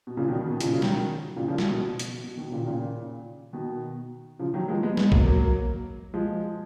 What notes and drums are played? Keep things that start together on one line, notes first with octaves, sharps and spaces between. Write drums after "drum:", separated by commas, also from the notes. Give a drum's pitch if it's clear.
B2
A#2 C#3
B2 D#3
B2 D#3
B2
A#2 C#3, drum: hi-hat
C#3 F3
D#3 F#3, drum: snare
A#2 C#3
C#3 F3
B2 D#3, drum: snare
B2
drum: hi-hat
B2
B2 D#3
A#2 C#3
D#3
A#2 C#3
B2 D#3
C#3 F3
D#3 F#3
F3 G#3
G#3 B3
G#3 B3, drum: snare
F#3 A#3, drum: kick B1
F#3 A#3
F3 G#3